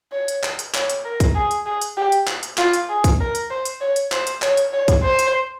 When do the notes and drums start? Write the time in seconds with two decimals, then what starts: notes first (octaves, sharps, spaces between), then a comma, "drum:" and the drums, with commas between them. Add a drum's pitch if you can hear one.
0.12 C#5
0.28 drum: hi-hat
0.44 drum: clap
0.59 drum: hi-hat
0.74 C#5, drum: clap
0.90 drum: hi-hat
1.05 A#4
1.20 drum: kick, hi-hat
1.35 G#4
1.51 drum: hi-hat
1.66 G#4
1.82 drum: hi-hat
1.97 G4
2.12 drum: hi-hat
2.27 drum: clap
2.43 drum: hi-hat
2.58 F4, drum: clap
2.73 drum: hi-hat
2.89 G#4
3.04 drum: kick, hi-hat
3.20 A#4
3.35 drum: hi-hat
3.51 C5
3.65 drum: hi-hat
3.81 C#5
3.96 drum: hi-hat
4.12 C5, drum: clap
4.27 drum: hi-hat
4.42 C#5, drum: clap
4.57 drum: hi-hat
4.73 C#5
4.88 drum: kick, hi-hat
5.03 C5
5.19 drum: hi-hat